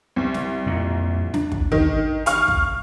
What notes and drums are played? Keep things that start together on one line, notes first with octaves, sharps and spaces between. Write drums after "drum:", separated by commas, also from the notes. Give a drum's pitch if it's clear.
C2
drum: snare
F2 A#2
D4, drum: snare
drum: kick
D#3, drum: kick
F5 C#6 F6, drum: hi-hat
drum: kick